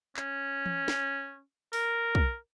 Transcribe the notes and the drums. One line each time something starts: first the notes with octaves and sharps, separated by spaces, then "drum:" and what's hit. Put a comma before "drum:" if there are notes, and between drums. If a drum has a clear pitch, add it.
C#4, drum: clap
drum: tom E3
drum: snare
A#4, drum: open hi-hat
drum: kick